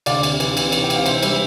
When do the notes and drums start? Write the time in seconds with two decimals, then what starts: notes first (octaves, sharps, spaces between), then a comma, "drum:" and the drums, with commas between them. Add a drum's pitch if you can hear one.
0.06 D2 D5 F5, drum: cymbal
0.23 C3, drum: cymbal
0.40 E3, drum: cymbal
0.57 C3, drum: cymbal
0.72 E3, drum: cymbal
0.84 G5
0.90 C3, drum: cymbal
0.96 F5
1.06 E3 C5 E5, drum: cymbal
1.23 G3 C5 E5, drum: cymbal